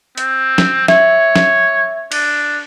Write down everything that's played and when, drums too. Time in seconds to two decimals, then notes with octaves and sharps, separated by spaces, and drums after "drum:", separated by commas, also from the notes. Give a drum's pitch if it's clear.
0.18 C4, drum: hi-hat
0.58 drum: snare
0.88 C#5 E5, drum: snare
1.36 drum: snare
2.12 D4, drum: cymbal